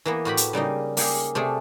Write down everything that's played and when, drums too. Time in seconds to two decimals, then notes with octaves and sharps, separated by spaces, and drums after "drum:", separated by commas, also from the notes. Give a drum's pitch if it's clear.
0.05 E3 A#3 B3
0.25 A2 F#4 G4 B5
0.37 drum: hi-hat
0.53 C#3 G3 A#3 D#4
0.97 A#3 G4 G#4 F5, drum: open hi-hat
1.35 C3 A3 G#4 D5